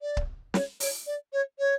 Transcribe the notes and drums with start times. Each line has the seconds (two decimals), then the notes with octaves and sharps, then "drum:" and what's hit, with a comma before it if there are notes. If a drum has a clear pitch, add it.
0.01 D5
0.17 drum: kick C#1
0.54 C#5, drum: snare
0.80 C#5, drum: open hi-hat
1.06 D5
1.32 C#5
1.59 C#5